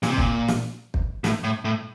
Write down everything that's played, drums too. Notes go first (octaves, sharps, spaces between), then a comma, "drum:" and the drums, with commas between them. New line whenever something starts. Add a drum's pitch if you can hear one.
A#2, drum: snare
C3
A#2, drum: kick
drum: snare
drum: kick
A2, drum: snare
A2
A2